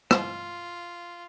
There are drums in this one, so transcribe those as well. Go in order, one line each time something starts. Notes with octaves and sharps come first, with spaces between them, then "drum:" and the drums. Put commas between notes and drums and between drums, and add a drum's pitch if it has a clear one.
F4, drum: rim click